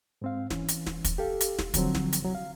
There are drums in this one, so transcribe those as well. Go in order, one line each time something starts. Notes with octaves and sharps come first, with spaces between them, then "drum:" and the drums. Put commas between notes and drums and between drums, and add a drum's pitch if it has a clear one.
G#2 C4 F5
E3 C#4, drum: snare
drum: hi-hat
drum: snare
drum: kick, hi-hat
G4 A4 F5
drum: hi-hat
drum: snare
D3 F3 F#3 C4, drum: kick, hi-hat
drum: snare
drum: hi-hat
C2 F#3
F5